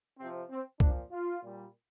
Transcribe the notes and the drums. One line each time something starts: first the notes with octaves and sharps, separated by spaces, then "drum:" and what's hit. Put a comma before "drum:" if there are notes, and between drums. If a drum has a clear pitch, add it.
C3 F3 C4
C4
A#2 F3 D4, drum: kick C2
F4
A#2 G3